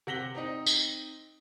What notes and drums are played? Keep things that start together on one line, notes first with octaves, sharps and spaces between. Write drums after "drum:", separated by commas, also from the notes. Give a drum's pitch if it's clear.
C3 F#5 A#6 B6 F#7 G7
C4 D#4 D#5
drum: tambourine